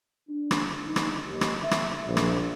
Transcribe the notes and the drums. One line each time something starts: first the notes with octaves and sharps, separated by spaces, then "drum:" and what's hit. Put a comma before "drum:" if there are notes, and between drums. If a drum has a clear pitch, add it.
D4
drum: rim click
D#4
drum: rim click
D#2
drum: rim click
E5
drum: rim click
A#1
drum: rim click